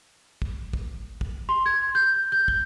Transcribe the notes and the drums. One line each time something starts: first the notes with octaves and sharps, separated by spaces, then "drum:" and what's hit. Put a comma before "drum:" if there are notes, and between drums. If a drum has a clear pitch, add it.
drum: kick
drum: kick
drum: kick
C6
G#6
G6
G6
drum: kick